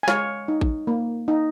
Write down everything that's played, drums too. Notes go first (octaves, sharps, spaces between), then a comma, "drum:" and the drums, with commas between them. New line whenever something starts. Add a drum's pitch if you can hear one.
G#5
G#3 C#5 F5, drum: snare
D#4
drum: kick A1
A#3
D#4